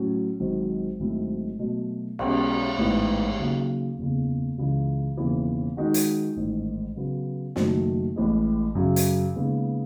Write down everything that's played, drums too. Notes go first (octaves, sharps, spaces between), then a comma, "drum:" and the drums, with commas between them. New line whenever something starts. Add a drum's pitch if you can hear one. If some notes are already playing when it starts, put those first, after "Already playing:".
Already playing: A2 F#3 C#4
G#1 G#2 F#3
G#1 G#2 F#3 A3 E4
B2 F#3 A3
B1 B2 G#3 C#4, drum: cymbal
A1 G#2 E3 B3
D#2 C#3 F#3
F#1 E2 C#3
C#2 C#3 E3
E1 D#2 C#3 E3
D#3 G#3 D#4 F#4
drum: hi-hat
A1 G#2 D#3
C#3 F#3 B3
F#1 F#2 D#3 F#3 A3, drum: snare
A1 A2 E3 G#3
F#2 C#3 F#3
drum: hi-hat
D#2 C#3 G#3 B3 D#4